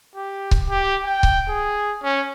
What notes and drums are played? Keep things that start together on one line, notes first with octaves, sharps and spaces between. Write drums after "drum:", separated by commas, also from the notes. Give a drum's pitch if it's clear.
G4
drum: kick C#1
G4
G5
drum: kick C#1
G#4
C#4